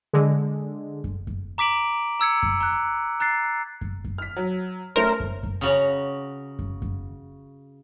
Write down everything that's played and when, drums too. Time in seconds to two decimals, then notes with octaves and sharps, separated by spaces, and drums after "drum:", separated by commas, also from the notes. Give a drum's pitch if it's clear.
0.13 D3 G#3
1.04 drum: kick F#2
1.27 drum: kick F#2
1.58 A#5 D6 B6 D7 F#7
2.20 A#5 E6 G#6 C#7
2.43 drum: kick F#2
2.61 A#5 F#6
3.20 A#5 F#6 A6 C7
3.81 drum: kick F#2
4.05 drum: kick F#2
4.18 F6 B6
4.37 F#3
4.96 A3 C#4 A#4 C5
5.20 drum: kick F#2
5.43 drum: kick F#2
5.61 C#3 F#4 A#5
6.59 drum: kick F#2
6.82 drum: kick F#2